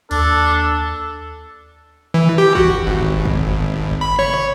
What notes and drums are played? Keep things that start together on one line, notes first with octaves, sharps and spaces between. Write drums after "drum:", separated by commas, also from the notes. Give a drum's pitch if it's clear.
D#2 D4 A4, drum: open hi-hat
E3
G4
F#4, drum: kick
G#1
drum: kick
B5
C#5, drum: tom